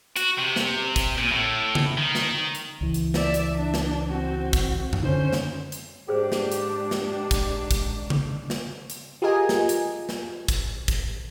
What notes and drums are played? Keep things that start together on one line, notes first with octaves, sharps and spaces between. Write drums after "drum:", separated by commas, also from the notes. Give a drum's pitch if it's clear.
F#4, drum: hi-hat
C3
drum: snare
drum: kick, hi-hat
A#2
A2
drum: tom C#3
D#3
drum: snare
drum: hi-hat
C#2 E3
drum: hi-hat
D5 E5, drum: snare
drum: hi-hat
D4
drum: snare
C4 F#4
drum: kick, hi-hat
drum: tom F#2
D3 D#3 C#4 C5
drum: snare
drum: hi-hat
G#2 D4 G4 G#4 C5
drum: snare
drum: hi-hat
drum: snare
drum: kick, hi-hat
drum: kick, hi-hat
drum: tom C#3
drum: snare
drum: hi-hat
F4 G4 G#4 A#4 D#5 G#5
drum: snare
drum: hi-hat
drum: snare
drum: kick, hi-hat
drum: kick, hi-hat